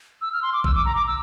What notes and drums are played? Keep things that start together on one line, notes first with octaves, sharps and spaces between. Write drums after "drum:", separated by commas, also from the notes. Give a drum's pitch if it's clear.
E6
F6
C6
D6
E6, drum: kick
D6
A#5
D6
E6